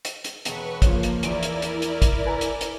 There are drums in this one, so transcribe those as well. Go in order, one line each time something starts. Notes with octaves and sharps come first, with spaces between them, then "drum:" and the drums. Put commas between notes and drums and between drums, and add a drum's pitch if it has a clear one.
drum: hi-hat
drum: hi-hat
E1 B4 C#6, drum: hi-hat
F3 A#3 F4 C#5, drum: kick, hi-hat
drum: hi-hat
E2 E4 A#4 D5 D7, drum: hi-hat
drum: hi-hat
drum: hi-hat
drum: hi-hat
drum: kick, hi-hat
B4 G#5 A#5
drum: hi-hat
drum: hi-hat